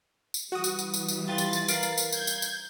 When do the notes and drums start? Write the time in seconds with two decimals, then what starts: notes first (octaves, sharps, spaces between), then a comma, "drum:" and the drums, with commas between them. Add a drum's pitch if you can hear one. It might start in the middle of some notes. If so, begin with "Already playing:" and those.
0.34 drum: tambourine
0.52 E3 G3 F#4 D#6
0.64 drum: tambourine
0.79 drum: tambourine
0.94 drum: tambourine
1.08 drum: tambourine
1.28 F4 G4 B4 A6
1.38 drum: tambourine
1.53 drum: tambourine
1.68 A#4 B4 F5 C7, drum: tambourine
1.83 drum: tambourine
1.98 drum: tambourine
2.12 G6 G#6, drum: tambourine
2.27 drum: tambourine
2.42 drum: tambourine